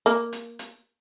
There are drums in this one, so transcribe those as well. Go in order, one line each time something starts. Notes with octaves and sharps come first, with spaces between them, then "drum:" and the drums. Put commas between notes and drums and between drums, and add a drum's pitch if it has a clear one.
A#3, drum: hi-hat
drum: hi-hat
drum: hi-hat